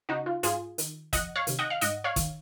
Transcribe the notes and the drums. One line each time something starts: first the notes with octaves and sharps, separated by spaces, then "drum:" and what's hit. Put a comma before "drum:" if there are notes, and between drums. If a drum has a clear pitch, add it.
C#3 D#4 F#4
F4
G#2 F4 G#4, drum: hi-hat
D#3, drum: hi-hat
F2 D#5 F#5, drum: kick, hi-hat
C#5 F5
C3 D#3, drum: hi-hat
D#5 F#5
F5
G#2 D#5 F#5, drum: hi-hat
C#5 F5
D#3, drum: kick, hi-hat